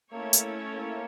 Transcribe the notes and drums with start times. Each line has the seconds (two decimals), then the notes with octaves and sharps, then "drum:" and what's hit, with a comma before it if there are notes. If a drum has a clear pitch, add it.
0.12 A3 A#3 C#4 E4 A4 C#5
0.33 drum: hi-hat
0.74 A#3